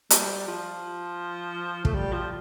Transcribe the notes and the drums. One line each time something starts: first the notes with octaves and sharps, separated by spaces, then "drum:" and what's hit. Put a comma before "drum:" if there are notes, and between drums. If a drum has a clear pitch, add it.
G3, drum: hi-hat
F3
A3, drum: kick
G3
F3